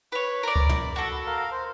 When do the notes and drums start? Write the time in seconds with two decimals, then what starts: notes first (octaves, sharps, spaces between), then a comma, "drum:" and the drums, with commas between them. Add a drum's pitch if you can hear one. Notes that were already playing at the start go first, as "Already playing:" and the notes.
0.12 B4 C#5 B5
0.43 A#4 D5
0.56 drum: kick C#2
0.69 drum: tom
0.96 F#4 A4
1.27 A#4 F5
1.52 C5